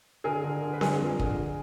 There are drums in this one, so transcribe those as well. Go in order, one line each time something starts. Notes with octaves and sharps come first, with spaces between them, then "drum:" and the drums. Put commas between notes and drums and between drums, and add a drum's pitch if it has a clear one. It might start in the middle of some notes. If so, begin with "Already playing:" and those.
D3 G#4 A#4
D3
D3
B4
D3 G#4 A#4, drum: snare C4
F2
D3, drum: kick